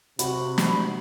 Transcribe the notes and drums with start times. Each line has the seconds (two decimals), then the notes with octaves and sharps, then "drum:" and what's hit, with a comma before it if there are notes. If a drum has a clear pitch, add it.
0.19 C3 F#4 B5, drum: hi-hat
0.58 drum: snare